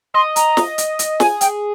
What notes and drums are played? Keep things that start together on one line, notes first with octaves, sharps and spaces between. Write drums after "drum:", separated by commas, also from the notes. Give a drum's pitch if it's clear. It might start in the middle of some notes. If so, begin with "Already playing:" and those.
D#5 C6
A#5, drum: hi-hat
drum: snare
drum: hi-hat
drum: hi-hat
G#4 G#5, drum: snare
G5, drum: hi-hat